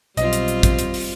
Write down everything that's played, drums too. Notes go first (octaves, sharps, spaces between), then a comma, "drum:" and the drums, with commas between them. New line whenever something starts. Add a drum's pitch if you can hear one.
B1 G3 C4 F4 D#5, drum: hi-hat
drum: hi-hat
drum: hi-hat
drum: kick, hi-hat
drum: hi-hat
drum: open hi-hat